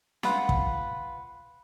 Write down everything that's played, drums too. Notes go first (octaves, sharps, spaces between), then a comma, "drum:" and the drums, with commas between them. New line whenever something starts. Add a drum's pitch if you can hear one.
F4 B4 F#5, drum: snare
drum: kick